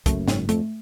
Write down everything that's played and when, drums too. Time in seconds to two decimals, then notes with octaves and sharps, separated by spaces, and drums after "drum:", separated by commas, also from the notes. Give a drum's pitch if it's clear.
0.06 F#1 F#2 A3, drum: kick, hi-hat
0.28 G#2, drum: snare
0.49 F2 A3, drum: hi-hat